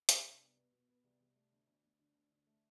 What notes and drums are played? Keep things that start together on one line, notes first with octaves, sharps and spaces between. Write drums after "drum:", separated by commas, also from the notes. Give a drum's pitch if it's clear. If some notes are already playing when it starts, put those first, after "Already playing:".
D4, drum: hi-hat
C2
B3
B3
B2
B3
C2
C2
A3
D2
D2
D2
D3
D2
D3
A3